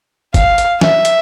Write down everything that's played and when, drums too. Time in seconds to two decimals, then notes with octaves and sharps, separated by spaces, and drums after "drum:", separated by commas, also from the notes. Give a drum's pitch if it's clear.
0.34 F5, drum: kick F#1, hi-hat
0.58 drum: hi-hat
0.81 E5, drum: snare
1.05 drum: hi-hat